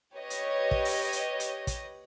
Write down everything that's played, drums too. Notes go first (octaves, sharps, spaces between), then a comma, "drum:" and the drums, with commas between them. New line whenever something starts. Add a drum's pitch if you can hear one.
G4 B4 C#5 D#5
drum: hi-hat
drum: kick
drum: open hi-hat
drum: hi-hat
drum: hi-hat
drum: kick, hi-hat